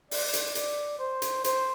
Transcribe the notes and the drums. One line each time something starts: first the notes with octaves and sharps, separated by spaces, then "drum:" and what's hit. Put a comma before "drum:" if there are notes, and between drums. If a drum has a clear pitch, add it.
D5, drum: open hi-hat
drum: hi-hat
D5, drum: hi-hat
C5
drum: hi-hat
C5, drum: hi-hat